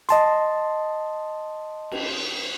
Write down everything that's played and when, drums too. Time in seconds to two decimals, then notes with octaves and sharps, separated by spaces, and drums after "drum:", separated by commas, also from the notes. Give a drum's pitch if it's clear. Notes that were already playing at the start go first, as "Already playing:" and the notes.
0.09 D#5 A5 C6, drum: hi-hat
1.91 drum: cymbal